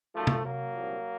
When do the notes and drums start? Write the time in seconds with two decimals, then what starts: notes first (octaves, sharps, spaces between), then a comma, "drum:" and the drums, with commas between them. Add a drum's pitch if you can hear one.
0.15 F#2 D#3 F3 A3
0.27 drum: tom C3
0.44 F#3 A#3
0.74 C2 A#2 F3